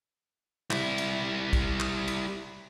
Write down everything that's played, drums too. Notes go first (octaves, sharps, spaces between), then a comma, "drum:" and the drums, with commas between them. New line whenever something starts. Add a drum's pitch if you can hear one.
G3 E4, drum: clap
drum: cymbal
drum: kick, cymbal
drum: clap
drum: cymbal